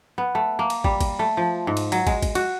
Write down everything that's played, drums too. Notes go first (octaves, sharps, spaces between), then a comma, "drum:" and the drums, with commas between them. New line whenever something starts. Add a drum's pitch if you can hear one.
B3
A3
A#3
drum: cymbal
G3, drum: kick
drum: kick, cymbal
A3
F3
G#2
drum: cymbal
F#3, drum: cymbal
G#3, drum: kick, cymbal
drum: kick, cymbal
F#4, drum: cymbal